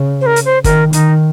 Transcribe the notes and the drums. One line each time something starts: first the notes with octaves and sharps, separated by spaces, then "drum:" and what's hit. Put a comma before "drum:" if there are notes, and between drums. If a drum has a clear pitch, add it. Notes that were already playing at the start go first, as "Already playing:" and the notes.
Already playing: C#3
C5
A#4
drum: hi-hat
C5
D#3 A#4, drum: kick, hi-hat
D#3 D#4, drum: hi-hat